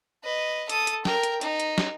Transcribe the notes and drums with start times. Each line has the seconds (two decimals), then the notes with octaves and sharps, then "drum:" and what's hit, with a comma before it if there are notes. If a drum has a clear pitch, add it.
0.24 B4 D#5
0.69 A4 D#6, drum: hi-hat
0.87 drum: hi-hat
1.05 A#4 G5, drum: snare
1.23 drum: hi-hat
1.41 D#4, drum: hi-hat
1.60 drum: hi-hat
1.78 drum: snare